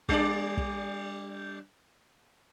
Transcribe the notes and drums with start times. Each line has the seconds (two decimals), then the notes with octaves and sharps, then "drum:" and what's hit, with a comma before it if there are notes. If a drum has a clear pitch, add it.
0.09 G3 D4 D5, drum: kick
0.57 drum: kick